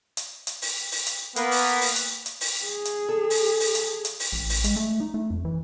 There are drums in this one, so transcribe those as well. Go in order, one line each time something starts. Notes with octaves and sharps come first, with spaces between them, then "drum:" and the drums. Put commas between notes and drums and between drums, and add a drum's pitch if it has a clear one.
drum: hi-hat
drum: hi-hat
drum: open hi-hat
drum: open hi-hat
drum: hi-hat
A#3 B3 B4, drum: hi-hat
drum: open hi-hat
drum: open hi-hat
drum: hi-hat
drum: hi-hat
drum: open hi-hat
G#4
drum: hi-hat
A4
drum: open hi-hat
drum: open hi-hat
drum: hi-hat
drum: hi-hat
drum: open hi-hat
A1
drum: open hi-hat
G#3, drum: hi-hat
A3
D#4
A3
F2
E3